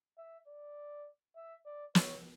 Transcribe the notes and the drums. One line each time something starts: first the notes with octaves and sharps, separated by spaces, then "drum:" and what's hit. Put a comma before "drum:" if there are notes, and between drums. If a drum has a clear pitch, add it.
E5
D5
E5
D5
C#5, drum: snare